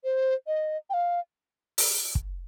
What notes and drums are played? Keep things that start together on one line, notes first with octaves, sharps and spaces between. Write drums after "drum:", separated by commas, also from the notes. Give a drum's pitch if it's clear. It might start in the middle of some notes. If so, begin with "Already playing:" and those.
C5
D#5
G5
F5
drum: open hi-hat
drum: kick